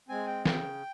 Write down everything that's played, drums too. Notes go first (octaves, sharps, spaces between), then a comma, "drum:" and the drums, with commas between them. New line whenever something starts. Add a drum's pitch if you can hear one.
G#3 C4 G#5
G5
C#3 G5, drum: snare